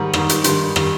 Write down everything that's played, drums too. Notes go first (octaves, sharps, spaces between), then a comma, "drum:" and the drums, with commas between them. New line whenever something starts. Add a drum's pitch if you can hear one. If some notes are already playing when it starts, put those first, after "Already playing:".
Already playing: G#2 D#3 G3 A#5
G#2 D#3 G3, drum: rim click
drum: hi-hat
G2 D#3 G3 C6, drum: hi-hat
D#3 G3, drum: rim click